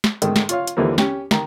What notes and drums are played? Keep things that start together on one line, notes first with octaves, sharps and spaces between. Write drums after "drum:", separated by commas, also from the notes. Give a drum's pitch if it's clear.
drum: snare
G#2 D#3 G#3 A3, drum: hi-hat
drum: snare
F4 C#5 F5, drum: hi-hat
drum: hi-hat
D#2 D3 E3 F3 A#3
C#4 G4, drum: snare
D#3 A#5, drum: snare